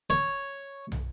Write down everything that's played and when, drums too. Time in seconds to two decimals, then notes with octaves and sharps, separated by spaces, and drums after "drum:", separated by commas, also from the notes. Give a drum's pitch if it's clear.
0.10 C#5
0.92 drum: tom